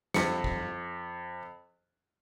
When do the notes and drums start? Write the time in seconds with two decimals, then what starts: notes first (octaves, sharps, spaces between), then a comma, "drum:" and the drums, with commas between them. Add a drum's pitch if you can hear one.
0.14 F2 C#7, drum: snare
0.44 drum: kick